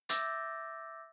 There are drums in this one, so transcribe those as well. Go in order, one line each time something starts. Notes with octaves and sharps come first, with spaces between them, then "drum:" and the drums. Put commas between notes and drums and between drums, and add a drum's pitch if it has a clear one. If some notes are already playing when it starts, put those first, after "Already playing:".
E5 D6 E6 G6 A6 A#6, drum: hi-hat